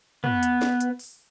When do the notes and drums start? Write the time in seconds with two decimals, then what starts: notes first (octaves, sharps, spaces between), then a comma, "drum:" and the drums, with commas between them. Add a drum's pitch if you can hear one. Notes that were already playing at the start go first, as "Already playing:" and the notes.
0.24 B3, drum: tom
0.43 drum: hi-hat
0.62 drum: snare
0.80 drum: hi-hat
0.99 drum: open hi-hat